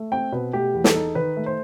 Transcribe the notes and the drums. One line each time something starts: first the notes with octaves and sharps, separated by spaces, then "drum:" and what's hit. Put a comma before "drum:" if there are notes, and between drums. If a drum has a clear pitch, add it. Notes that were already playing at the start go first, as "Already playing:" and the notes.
Already playing: A3
C4 G5
B2 B4
A3 G4
E2
A4, drum: snare
D#4
D#3 B4
A3
C5